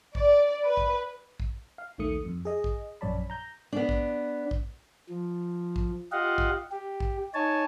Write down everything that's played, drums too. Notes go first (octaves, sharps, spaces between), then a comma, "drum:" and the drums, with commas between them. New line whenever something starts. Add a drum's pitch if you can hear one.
D5, drum: kick
B4
drum: kick
drum: kick
F5
A#1 D#2 D#3 A3 D#6 C#7
F2
G#4 D#5
drum: kick
A#1 F#2 C#5 D5 A5 B5
A#5 G6
B3 D4
drum: kick
drum: kick
F3
drum: kick
F4 G4 D#5 F5 F#5
drum: kick
G4
drum: kick
D#4 C#5 G#5 A5